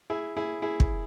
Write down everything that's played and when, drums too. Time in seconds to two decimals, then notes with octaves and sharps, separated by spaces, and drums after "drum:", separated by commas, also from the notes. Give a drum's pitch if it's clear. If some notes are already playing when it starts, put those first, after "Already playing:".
0.10 E4 G#4
0.37 E4 G#4
0.62 E4 G#4
0.80 drum: kick